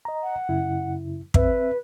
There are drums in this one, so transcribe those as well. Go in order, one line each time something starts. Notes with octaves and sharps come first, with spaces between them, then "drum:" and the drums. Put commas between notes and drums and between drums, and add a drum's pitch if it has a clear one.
D#5 A#5
F#5
F#2 C#3 E4
C4 B4 E5, drum: kick